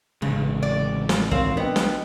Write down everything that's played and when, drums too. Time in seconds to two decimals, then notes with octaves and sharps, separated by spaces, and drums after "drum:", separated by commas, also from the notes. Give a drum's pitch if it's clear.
0.22 A1 G2 C#3 G#3
0.63 D5
1.09 drum: snare
1.31 C4 A#4 C#5 F5, drum: kick
1.57 B3 D4 D#5 G5
1.76 drum: snare